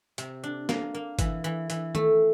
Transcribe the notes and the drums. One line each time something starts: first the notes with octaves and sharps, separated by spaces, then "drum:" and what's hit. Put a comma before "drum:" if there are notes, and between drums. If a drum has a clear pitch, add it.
C3, drum: hi-hat
D4
A#3, drum: snare
A#3
E3, drum: kick G1, hi-hat
E3
E3, drum: hi-hat
A3, drum: tom D#3